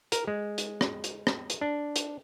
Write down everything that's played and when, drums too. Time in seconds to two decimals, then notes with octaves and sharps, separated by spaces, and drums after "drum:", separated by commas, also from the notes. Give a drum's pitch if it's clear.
0.12 A#4, drum: hi-hat
0.27 G#3
0.58 drum: hi-hat
0.81 drum: rim click
1.04 drum: hi-hat
1.27 drum: rim click
1.50 drum: hi-hat
1.61 D4
1.96 drum: hi-hat